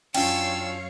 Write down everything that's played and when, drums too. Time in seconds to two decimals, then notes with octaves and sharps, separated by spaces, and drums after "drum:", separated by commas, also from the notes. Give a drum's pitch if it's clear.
0.14 F#2 C#4 D4 F4 C#5 F5 G5 E6, drum: cymbal